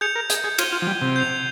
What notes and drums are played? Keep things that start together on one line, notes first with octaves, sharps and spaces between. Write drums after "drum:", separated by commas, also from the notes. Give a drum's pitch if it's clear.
G#4 G6 C#7 F7
A#4
G#4, drum: hi-hat
G#4
F4 G#6 D#7 G7, drum: cymbal
F4
F3
G3
C3
G6 C7 F7